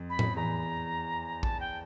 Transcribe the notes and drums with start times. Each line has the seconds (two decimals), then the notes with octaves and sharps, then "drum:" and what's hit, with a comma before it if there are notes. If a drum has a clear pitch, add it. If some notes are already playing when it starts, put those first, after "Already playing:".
Already playing: F2
0.10 B5
0.19 drum: tom A2
0.36 E2 A#5
1.43 A5, drum: kick
1.60 G5